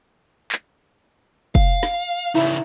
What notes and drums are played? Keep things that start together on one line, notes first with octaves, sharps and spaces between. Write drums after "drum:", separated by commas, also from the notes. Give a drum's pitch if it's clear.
drum: clap
F5, drum: kick F1
drum: snare
C#3 D#4 E4